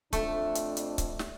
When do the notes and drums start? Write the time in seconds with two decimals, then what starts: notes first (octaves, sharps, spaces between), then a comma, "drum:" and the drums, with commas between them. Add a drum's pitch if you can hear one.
0.13 F2 A3 D4, drum: kick C#1, hi-hat
0.55 drum: hi-hat
0.77 drum: hi-hat
0.98 drum: kick C#1, hi-hat
1.19 drum: snare